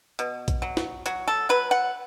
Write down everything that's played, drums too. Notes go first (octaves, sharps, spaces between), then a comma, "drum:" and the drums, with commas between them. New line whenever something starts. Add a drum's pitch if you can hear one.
B2, drum: hi-hat
drum: kick A#1, hi-hat
F#3
drum: snare
F#3 F#4, drum: hi-hat
A4
F#3 B4
F#5